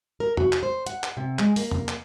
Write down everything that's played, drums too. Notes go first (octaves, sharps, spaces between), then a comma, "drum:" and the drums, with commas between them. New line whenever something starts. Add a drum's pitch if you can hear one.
A#4
F#4, drum: tom E2
drum: clap
C5
F#5, drum: hi-hat
drum: clap
C3
G#3, drum: clap
A#3, drum: open hi-hat
drum: tom E2
drum: clap